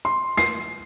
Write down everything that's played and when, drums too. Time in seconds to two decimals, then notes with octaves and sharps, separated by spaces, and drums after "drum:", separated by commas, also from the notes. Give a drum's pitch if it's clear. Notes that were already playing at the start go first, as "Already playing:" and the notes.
0.05 C6
0.37 C7, drum: snare